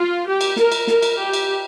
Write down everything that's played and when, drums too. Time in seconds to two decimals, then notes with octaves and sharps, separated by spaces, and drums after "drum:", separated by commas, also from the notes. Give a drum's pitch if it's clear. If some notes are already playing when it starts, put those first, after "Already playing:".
Already playing: F4
0.26 G4
0.41 drum: cymbal
0.56 A#4, drum: snare
0.72 drum: cymbal
0.87 A#4, drum: snare
1.03 drum: cymbal
1.18 G4
1.33 drum: cymbal